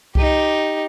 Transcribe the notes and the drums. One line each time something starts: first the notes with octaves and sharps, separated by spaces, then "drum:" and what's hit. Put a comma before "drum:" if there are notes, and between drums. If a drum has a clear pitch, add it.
D#4 G4, drum: kick C2